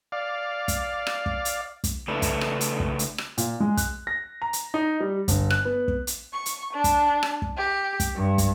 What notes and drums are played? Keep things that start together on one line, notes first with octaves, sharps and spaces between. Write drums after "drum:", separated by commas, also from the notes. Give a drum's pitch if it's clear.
D5 F5
drum: kick, hi-hat
drum: rim click
drum: kick
drum: hi-hat
drum: kick, hi-hat
C#3 A3 D4 B4
drum: kick, hi-hat
drum: rim click
drum: hi-hat
drum: kick
drum: hi-hat
drum: rim click
A#2, drum: hi-hat
G#3
F#6, drum: kick, hi-hat
A#6
A#5
drum: hi-hat
D#4
G3
G1, drum: kick, hi-hat
F#6, drum: rim click
B3
drum: kick
drum: hi-hat
C#6
drum: hi-hat
D4
drum: kick, hi-hat
drum: rim click
drum: kick
G4
drum: kick, hi-hat
G2
drum: kick, hi-hat